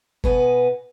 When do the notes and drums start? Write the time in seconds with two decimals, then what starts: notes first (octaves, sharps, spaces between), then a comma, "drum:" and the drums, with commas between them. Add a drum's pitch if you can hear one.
0.24 B2 B3 B4 D#5 G#5, drum: kick F#1